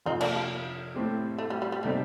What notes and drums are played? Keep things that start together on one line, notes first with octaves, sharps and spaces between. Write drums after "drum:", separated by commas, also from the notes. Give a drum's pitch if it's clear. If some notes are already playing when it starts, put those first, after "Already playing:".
F2 C3 F3 C4 D#4
A#3 D4, drum: cymbal
A#3
A2 A3 C4 G4
A3
G3
G3
G3
C3 G3 A3 C4 D#4